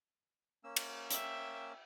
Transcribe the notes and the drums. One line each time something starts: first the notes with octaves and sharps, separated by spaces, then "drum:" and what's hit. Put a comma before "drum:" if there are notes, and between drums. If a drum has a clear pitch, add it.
A#3 C#4 E6
drum: cymbal
E5 G5, drum: hi-hat